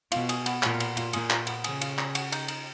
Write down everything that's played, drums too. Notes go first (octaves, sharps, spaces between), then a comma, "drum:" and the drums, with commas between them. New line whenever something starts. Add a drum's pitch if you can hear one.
B2 F4, drum: cymbal
G#4, drum: cymbal
B3, drum: cymbal
A#2 B3, drum: clap
B3, drum: cymbal
F4, drum: cymbal
A#2 G#4, drum: cymbal
F4, drum: clap
B3, drum: cymbal
C#3 G#4, drum: cymbal
F4, drum: cymbal
G#4, drum: clap
F#4, drum: cymbal
D#4, drum: cymbal
D#4, drum: cymbal